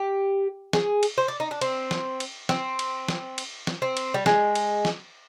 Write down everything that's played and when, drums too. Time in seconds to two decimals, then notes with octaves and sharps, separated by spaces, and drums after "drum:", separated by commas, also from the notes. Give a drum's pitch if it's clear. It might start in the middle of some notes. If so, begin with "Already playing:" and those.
Already playing: G4
0.73 G#4, drum: snare
1.03 drum: cymbal
1.18 C5
1.28 D5
1.40 D#4
1.51 D4
1.61 C4, drum: cymbal
1.91 drum: snare
2.20 drum: cymbal
2.49 C4, drum: snare
2.79 drum: cymbal
3.08 drum: snare
3.38 drum: cymbal
3.67 drum: snare
3.82 C4
3.97 drum: cymbal
4.14 G3
4.26 G#3, drum: snare
4.55 drum: cymbal
4.85 drum: snare